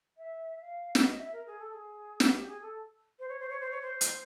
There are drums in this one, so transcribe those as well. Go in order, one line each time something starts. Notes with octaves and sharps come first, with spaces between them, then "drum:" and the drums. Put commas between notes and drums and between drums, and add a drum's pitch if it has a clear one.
E5
F5
D5, drum: snare
D#5
E5
A#4
G#4
A4
G#4
drum: snare
G4
G#4
A4
C5
C#5
C5
C#5
C5
C#5
C5
drum: hi-hat